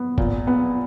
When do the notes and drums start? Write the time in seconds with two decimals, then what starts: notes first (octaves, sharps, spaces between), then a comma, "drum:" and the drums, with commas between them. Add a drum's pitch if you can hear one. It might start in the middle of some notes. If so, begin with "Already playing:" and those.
Already playing: B3
0.18 A#2, drum: kick F1
0.47 B3